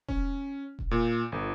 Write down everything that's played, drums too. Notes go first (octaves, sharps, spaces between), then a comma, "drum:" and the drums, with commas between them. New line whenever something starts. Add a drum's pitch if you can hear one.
C#4, drum: kick E1
drum: kick E1
A#2
G1